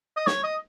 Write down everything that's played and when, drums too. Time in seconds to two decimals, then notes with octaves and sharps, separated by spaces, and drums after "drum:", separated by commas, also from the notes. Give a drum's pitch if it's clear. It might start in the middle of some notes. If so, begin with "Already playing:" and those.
0.17 D#5
0.27 C#5, drum: snare
0.44 D#5